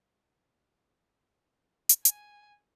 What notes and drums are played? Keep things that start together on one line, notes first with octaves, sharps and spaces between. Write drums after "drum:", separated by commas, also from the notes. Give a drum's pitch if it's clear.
drum: hi-hat
G#5, drum: hi-hat